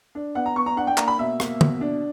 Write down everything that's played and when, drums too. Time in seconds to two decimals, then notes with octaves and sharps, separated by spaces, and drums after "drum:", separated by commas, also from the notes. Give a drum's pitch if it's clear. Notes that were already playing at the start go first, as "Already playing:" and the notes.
0.15 D4
0.35 B3 F#5
0.46 A#5
0.56 B3 C#6
0.66 A#5
0.77 D4 F#5
0.87 G5
0.97 A#3 A#5, drum: clap
1.08 B5
1.18 B2 E5
1.40 A#3, drum: rim click
1.61 B2, drum: tom D3
1.81 D4